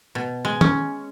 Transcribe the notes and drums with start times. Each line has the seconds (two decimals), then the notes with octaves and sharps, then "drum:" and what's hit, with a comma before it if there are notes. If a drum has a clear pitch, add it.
0.15 B2
0.45 G#3
0.61 C#4, drum: tom D#3